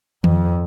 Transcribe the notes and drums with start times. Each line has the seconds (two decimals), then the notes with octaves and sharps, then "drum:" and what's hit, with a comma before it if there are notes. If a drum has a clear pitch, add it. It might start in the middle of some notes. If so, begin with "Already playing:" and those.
0.24 F2, drum: tom D#3